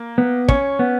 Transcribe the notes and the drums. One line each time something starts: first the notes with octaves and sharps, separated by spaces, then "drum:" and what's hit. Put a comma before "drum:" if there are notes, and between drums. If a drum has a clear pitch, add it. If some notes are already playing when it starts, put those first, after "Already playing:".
Already playing: A#3
B3
C#4 C#5, drum: kick
B3